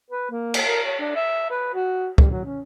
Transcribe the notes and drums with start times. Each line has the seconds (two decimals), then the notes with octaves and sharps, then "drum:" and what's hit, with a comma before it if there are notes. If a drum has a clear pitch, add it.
0.11 B4
0.30 A#3
0.54 drum: cymbal
0.65 A#4
0.84 C#5
1.00 D4
1.16 E5
1.50 B4
1.74 F#4
2.18 G3, drum: kick
2.30 F#3
2.44 C#4